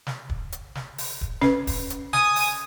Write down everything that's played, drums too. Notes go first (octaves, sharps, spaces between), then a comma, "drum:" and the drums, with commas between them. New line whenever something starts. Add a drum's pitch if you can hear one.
drum: snare
drum: kick
drum: hi-hat
drum: snare
drum: open hi-hat
drum: kick
C#4 B4, drum: snare
drum: kick, open hi-hat
drum: hi-hat
G#5 D#6, drum: snare
drum: open hi-hat